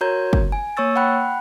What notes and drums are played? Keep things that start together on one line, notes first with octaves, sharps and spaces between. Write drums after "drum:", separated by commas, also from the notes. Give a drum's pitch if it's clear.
F#4 A#4 C#5 A#5 G6 G#6
drum: kick F#1
G#5
A#3 C#5 C#6 E6 A6
F#5 G5 B5 F#6